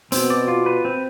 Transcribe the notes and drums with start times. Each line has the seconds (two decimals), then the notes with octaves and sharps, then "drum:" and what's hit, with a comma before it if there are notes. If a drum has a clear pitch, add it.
0.12 B2 C4, drum: hi-hat
0.30 D5
0.48 F4
0.66 B4
0.85 C4